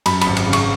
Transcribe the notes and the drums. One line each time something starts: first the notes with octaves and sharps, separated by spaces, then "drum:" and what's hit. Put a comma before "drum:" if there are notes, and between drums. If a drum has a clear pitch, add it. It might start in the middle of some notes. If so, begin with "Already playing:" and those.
F#2 B5, drum: cymbal
B5, drum: cymbal
G#1
drum: cymbal
C#3
C#6, drum: cymbal